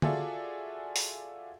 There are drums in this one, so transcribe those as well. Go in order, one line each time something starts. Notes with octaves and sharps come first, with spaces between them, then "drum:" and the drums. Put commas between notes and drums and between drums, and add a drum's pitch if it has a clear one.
F4 F#4 G#4 A4 D5 E5, drum: tom D3
drum: open hi-hat